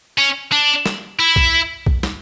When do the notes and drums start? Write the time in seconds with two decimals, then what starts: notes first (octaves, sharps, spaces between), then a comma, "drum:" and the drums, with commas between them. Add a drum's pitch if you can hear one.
0.18 C#4
0.52 D4
0.86 drum: snare
1.19 E4
1.36 drum: kick A#1
1.86 drum: kick A#1
2.03 drum: snare